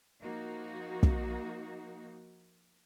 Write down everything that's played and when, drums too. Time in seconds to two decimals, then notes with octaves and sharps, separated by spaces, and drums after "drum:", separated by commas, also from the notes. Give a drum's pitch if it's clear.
0.23 F3 A#3 D#4 F#4
1.03 drum: kick